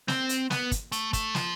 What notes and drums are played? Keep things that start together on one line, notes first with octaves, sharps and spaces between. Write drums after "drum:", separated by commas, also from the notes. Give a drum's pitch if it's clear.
C4, drum: snare
drum: hi-hat
B3, drum: snare
drum: kick, hi-hat
A3, drum: hi-hat
A3, drum: kick, hi-hat
F3, drum: snare